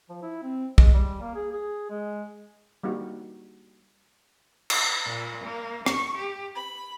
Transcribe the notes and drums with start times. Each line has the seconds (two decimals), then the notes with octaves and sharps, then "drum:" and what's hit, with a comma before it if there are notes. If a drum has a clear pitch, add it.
0.10 F3
0.23 E4
0.43 C4
0.78 G#3, drum: kick
0.93 G3
1.21 A#3
1.35 G#4
1.52 G#4
1.90 G#3
2.83 G3 A#3 D#4 F#4
4.70 drum: cymbal
5.06 A#2
5.43 A#3
5.86 C#6, drum: rim click
6.17 G4
6.56 B5